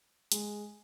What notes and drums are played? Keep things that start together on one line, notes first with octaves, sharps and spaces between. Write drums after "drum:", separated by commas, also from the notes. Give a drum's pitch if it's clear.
G#3, drum: hi-hat